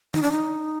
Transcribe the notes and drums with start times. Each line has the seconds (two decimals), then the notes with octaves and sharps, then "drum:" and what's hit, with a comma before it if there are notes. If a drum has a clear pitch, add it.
0.14 D#4, drum: tom D#3
0.22 D4
0.31 D#4